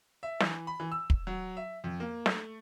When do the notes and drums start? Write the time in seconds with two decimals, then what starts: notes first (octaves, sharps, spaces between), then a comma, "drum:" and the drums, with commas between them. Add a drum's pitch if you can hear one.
0.23 E5
0.40 E3, drum: snare
0.67 B5
0.80 E3
0.92 E6
1.10 drum: kick
1.27 F#3
1.57 E5
1.84 F2
2.00 A#3
2.26 A3, drum: snare